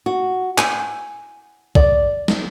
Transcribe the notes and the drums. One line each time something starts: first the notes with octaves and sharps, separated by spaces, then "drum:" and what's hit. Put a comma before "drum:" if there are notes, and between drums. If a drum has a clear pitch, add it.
F#4
G#5, drum: clap
D5, drum: kick A#1
drum: snare